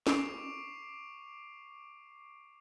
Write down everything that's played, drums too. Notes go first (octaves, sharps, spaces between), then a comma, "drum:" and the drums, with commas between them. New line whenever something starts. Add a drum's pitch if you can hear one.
C#6 D6 C7 D7 F7, drum: snare